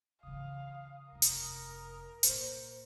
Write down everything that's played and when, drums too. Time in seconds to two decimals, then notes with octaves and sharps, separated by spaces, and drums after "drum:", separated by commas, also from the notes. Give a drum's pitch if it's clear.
0.23 C#3 E3 F5 D#6
1.12 F1 D#2 A#4
1.22 drum: hi-hat
2.23 A#2 C5, drum: hi-hat